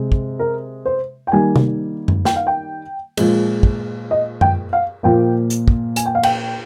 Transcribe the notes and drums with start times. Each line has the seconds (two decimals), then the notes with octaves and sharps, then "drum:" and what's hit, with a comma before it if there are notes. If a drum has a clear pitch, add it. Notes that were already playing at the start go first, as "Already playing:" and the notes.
Already playing: C3 G#3
0.12 drum: kick
0.39 A#4
0.86 C5
1.27 G5
1.32 D#3 G3 A#3 G#5
1.56 drum: tom C3
2.08 drum: tom F#2
2.25 G5, drum: snare
2.36 F5
2.47 G5
3.17 A#2 F3 G#3, drum: cymbal
3.63 drum: kick
4.11 D#5
4.41 G5, drum: tom F#2
4.73 F5
5.03 A#2 F3 A#3 G5
5.50 drum: hi-hat
5.68 drum: kick
5.96 G#5, drum: hi-hat
6.06 G5
6.15 F5
6.23 G5, drum: cymbal